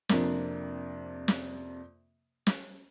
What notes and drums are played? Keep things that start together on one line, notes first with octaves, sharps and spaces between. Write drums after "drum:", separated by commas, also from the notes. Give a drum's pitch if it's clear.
F2 C3 A#3 D4, drum: snare
drum: snare
drum: snare